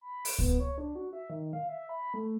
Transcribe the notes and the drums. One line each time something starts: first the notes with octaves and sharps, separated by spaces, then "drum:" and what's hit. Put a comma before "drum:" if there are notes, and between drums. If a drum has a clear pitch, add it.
B5
D7, drum: open hi-hat
B3, drum: kick C#2
C#5
D4
F#4
E5
D#3
F5
E5
B5
A3